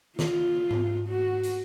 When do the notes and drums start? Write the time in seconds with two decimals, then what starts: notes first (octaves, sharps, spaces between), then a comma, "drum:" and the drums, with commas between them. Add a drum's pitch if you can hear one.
0.19 F4, drum: snare
0.71 drum: tom G#2
1.08 F#4
1.44 drum: hi-hat